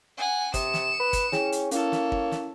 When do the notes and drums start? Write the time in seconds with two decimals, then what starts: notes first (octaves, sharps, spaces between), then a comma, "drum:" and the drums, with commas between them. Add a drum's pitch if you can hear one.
0.17 F#5 G#5
0.54 C3 D#6 C#7 E7, drum: kick, hi-hat
0.74 drum: snare
1.00 B4
1.13 drum: kick, hi-hat
1.32 C#4 E4 G#4 G5, drum: snare
1.53 drum: hi-hat
1.71 A#3 C#4 E4 A4 C#5, drum: hi-hat
1.92 drum: snare
2.12 drum: kick
2.32 drum: snare